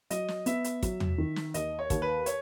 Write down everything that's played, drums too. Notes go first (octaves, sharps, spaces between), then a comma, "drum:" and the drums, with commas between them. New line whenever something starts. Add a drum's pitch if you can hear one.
F#3 D#5, drum: hi-hat
drum: snare
B3 E5, drum: hi-hat
drum: hi-hat
F#3, drum: kick, hi-hat
drum: tom
D#3
drum: snare
D#2 D#5, drum: hi-hat
C#5
D#2, drum: kick, hi-hat
B4
C#5, drum: hi-hat